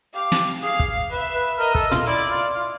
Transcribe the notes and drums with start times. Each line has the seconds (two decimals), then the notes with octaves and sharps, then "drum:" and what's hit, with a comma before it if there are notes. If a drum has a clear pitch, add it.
0.15 G4 F5
0.32 drum: snare
0.63 G#4 F5
0.79 drum: kick
1.12 B4 E5
1.35 B4
1.59 A#4 D#5
1.75 A4, drum: kick
1.91 F4, drum: tom A#2
2.07 E4 D5
2.30 F4
2.55 F4